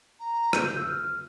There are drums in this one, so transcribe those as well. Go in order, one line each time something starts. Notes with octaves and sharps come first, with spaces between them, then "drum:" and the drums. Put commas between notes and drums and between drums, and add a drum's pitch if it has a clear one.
A#5
G6, drum: rim click
E6
F6